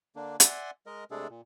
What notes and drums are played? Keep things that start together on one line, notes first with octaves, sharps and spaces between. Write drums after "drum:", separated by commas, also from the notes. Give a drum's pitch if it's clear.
D3 A#3 D4
D5 E5 F#5 G#5 C6, drum: hi-hat
G#3 A#4 D#5
C3 G#3 A3 D4 G#4 A4
A#2